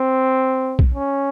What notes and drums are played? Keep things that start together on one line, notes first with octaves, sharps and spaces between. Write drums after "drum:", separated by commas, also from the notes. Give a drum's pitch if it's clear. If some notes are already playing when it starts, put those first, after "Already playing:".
Already playing: C4
drum: kick
C#4